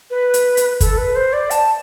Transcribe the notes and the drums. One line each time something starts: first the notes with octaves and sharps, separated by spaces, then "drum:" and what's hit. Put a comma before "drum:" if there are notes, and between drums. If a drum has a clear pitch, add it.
B4
drum: hi-hat
drum: hi-hat
A4, drum: kick, hi-hat
B4
C5
D5
A5, drum: hi-hat